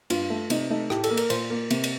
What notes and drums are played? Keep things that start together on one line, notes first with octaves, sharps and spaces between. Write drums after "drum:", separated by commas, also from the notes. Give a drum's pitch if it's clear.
G2 F4, drum: cymbal
A3
C3 D#4, drum: cymbal
A3 D#4
A2 G4, drum: rim click
A4, drum: cymbal
A#3
A#4, drum: cymbal
A#2 C5, drum: cymbal
A#3
C3, drum: cymbal
drum: cymbal